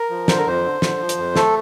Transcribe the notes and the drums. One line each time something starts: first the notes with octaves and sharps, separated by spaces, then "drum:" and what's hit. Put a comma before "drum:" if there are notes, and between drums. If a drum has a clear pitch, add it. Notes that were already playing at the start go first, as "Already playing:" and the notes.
Already playing: A#4
F3
D3 C5, drum: snare
A#4
F2 C5
D3
D3, drum: snare
F3
drum: hi-hat
F2
A3 A4, drum: snare